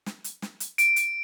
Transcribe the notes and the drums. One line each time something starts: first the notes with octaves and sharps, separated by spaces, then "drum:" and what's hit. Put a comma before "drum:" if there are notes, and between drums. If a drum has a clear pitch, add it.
drum: snare
drum: hi-hat
drum: snare
drum: hi-hat
D7, drum: hi-hat
drum: hi-hat